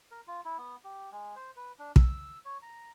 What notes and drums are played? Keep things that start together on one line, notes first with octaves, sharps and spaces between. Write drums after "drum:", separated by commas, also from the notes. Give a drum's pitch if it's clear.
A#4
F4
E4
B3
G4
G#3
C5
B4
D4
E6, drum: kick
C#5
A#5